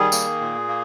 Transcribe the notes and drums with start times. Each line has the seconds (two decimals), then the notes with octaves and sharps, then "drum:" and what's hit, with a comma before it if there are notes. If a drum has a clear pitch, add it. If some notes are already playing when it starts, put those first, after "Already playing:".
Already playing: D#3 G3 G#4
0.12 A#3, drum: tambourine
0.41 A#2
0.68 A#3